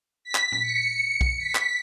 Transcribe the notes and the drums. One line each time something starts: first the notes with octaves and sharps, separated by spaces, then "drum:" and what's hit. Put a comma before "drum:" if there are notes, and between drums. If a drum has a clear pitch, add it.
B6
drum: clap
drum: tom A#2
C#7
drum: kick B1
B6
drum: clap